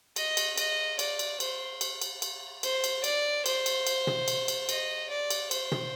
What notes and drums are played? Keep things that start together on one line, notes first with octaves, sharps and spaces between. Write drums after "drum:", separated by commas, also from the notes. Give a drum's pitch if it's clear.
D#5, drum: cymbal
drum: cymbal
D#5, drum: cymbal
D5, drum: cymbal
drum: cymbal
C5, drum: cymbal
drum: cymbal
drum: cymbal
drum: cymbal
C5, drum: cymbal
drum: cymbal
D5, drum: cymbal
C5, drum: cymbal
drum: cymbal
drum: cymbal
drum: tom
drum: cymbal
drum: cymbal
D#5, drum: cymbal
D5
drum: cymbal
C5, drum: cymbal
drum: tom